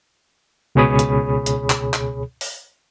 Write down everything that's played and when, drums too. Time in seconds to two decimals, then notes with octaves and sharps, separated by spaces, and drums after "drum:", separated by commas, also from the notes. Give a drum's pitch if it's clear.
0.75 C#2 B2 G#4 C#5 B5 D#6
0.99 drum: hi-hat
1.46 drum: hi-hat
1.70 drum: clap
1.94 drum: clap
2.41 drum: open hi-hat